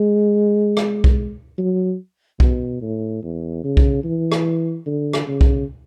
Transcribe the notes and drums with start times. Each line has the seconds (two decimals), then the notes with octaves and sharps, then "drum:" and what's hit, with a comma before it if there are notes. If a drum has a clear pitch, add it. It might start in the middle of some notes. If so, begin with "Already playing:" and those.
Already playing: G#3
0.77 drum: rim click
1.04 drum: kick B1
1.58 F#3
2.40 B2, drum: kick B1
2.82 A2
3.23 E2
3.64 C#3
3.77 drum: kick B1
4.04 E3
4.32 drum: rim click
4.86 D3
5.13 drum: rim click
5.27 C#3
5.41 drum: kick B1